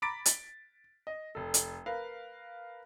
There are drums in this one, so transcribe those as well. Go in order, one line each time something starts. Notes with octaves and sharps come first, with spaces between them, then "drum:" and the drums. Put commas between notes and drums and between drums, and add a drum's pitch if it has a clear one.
A#5 B5 D6 A6 B6 D7
A6, drum: hi-hat
D#5
F1 A4
drum: hi-hat
A#4 B4 F5